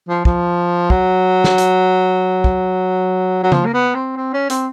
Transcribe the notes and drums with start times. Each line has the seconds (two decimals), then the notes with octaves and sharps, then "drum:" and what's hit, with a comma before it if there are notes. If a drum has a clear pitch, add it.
0.09 F3
0.25 F3, drum: kick
0.90 F#3, drum: kick
1.44 drum: snare
1.58 drum: hi-hat
2.44 drum: kick
3.43 F#3
3.52 F3, drum: tom C#3
3.66 A#3
3.74 B3
3.95 C4
4.17 C4
4.34 C#4
4.50 C4, drum: hi-hat